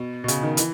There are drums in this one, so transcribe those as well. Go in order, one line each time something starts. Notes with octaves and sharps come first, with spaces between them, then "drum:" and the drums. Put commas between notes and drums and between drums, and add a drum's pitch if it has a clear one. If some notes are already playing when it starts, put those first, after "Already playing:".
Already playing: B2
B2
C#3, drum: hi-hat
D#3
E3, drum: hi-hat